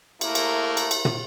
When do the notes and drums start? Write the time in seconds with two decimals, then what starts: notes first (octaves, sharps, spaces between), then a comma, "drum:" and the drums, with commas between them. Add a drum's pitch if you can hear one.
0.21 A3 A#3 E4 A#4, drum: cymbal
0.35 drum: cymbal
0.77 drum: cymbal
0.91 drum: cymbal
1.05 drum: tom